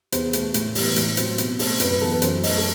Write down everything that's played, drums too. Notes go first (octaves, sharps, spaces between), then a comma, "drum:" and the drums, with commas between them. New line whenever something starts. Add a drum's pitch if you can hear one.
E2 C5, drum: hi-hat
B2 A3, drum: hi-hat
A2, drum: hi-hat
E3 G3 B3, drum: open hi-hat
A2, drum: hi-hat
F#3 C4, drum: hi-hat
B2, drum: hi-hat
A3 C4, drum: open hi-hat
F#2 B4, drum: hi-hat
B4
E3 B3 A4
B4
F#2 C5, drum: hi-hat
F#3 A3 D#5, drum: open hi-hat
A4